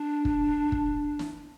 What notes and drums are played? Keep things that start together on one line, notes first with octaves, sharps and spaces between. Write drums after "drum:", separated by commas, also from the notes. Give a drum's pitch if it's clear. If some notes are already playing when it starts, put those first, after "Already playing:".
Already playing: D4
drum: kick
drum: kick
drum: snare